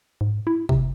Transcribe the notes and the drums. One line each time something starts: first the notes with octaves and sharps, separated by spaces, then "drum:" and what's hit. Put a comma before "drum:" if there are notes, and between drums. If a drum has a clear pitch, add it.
G#2
E4
C3, drum: kick